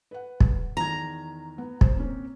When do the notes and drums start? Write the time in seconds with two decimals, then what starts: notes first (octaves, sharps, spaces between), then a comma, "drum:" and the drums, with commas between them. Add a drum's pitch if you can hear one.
0.11 B4 F#5
0.40 drum: kick
0.77 E2 D#3 A#5 G#6
1.58 B3
1.81 C5, drum: kick
1.95 A#3 C4 C#4